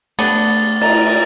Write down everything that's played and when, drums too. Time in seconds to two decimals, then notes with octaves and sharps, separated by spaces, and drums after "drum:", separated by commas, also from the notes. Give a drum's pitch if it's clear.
0.19 A3 B3 D4 A6, drum: cymbal
0.81 A#5 A6, drum: cymbal